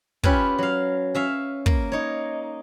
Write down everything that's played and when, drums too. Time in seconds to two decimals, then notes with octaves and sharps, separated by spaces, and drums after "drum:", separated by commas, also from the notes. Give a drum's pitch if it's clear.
0.23 C#4 F4 G4 B4 E5 G#5, drum: kick
0.58 F#3 F5
1.15 C#4 E5 F5
1.66 A#3, drum: kick
1.92 D#4 C#5